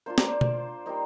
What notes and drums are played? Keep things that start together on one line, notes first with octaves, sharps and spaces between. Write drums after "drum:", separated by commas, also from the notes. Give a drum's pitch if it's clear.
A#3 D4 F4 C5
D5, drum: snare
C5
drum: tom B2
G3 A#3 D#4 C5